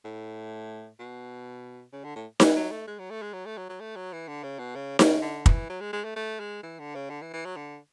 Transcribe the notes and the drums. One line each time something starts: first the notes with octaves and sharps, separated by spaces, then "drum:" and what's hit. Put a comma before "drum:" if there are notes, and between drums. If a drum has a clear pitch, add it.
A2
B2
C#3
D3
A2
E3, drum: snare D#4
F#3
A3
G#3
F#3
A3
G#3
F#3
A3
F#3
F#3
A3
F#3
E3
D3
C#3
B2
C#3
C#3, drum: snare D#4
D3
E3, drum: kick
F#3
G#3
G#3
A3
A3
G#3
E3
D3
C#3
D3
E3
E3
F#3
D3